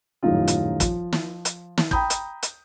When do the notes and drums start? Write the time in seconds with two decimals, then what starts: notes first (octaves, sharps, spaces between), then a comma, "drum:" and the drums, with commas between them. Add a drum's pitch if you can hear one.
0.23 D#1 F#2 A2 F3 D#4 F4
0.48 drum: hi-hat
0.80 F3, drum: kick, hi-hat
1.13 drum: snare
1.45 drum: hi-hat
1.78 drum: snare
1.91 G5 A#5 B5 D#6 G6, drum: kick
2.10 drum: hi-hat
2.43 drum: hi-hat